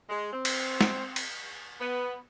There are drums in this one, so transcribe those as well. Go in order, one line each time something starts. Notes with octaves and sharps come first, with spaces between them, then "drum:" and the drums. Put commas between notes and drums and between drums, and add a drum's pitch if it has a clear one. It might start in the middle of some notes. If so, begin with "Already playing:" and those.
G#3
C4
drum: cymbal
drum: snare
drum: cymbal
B3